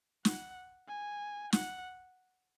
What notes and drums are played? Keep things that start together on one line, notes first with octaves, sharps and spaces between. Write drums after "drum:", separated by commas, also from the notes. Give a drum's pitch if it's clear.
F#5, drum: snare
G#5
F#5, drum: snare